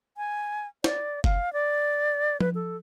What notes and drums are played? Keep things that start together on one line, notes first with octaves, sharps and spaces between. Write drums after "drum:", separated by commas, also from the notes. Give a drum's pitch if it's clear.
G#5
D5, drum: snare
F5, drum: kick F#1
D5
B4, drum: tom F3
A4